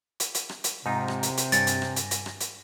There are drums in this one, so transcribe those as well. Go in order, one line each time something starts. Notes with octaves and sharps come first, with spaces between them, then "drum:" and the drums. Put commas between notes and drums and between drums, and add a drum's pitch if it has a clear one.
drum: hi-hat
drum: hi-hat
drum: rim click
drum: hi-hat
G#2 C3 D#4 F4 A#5
drum: rim click
drum: hi-hat
drum: hi-hat
G2 C#5 D5 G#5 A6 A#6, drum: hi-hat
drum: hi-hat
drum: rim click
drum: hi-hat
drum: hi-hat
drum: rim click
drum: hi-hat